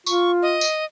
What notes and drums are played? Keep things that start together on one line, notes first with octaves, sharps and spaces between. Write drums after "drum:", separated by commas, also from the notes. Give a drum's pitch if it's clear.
F4 C#6, drum: tambourine
D#5
drum: tambourine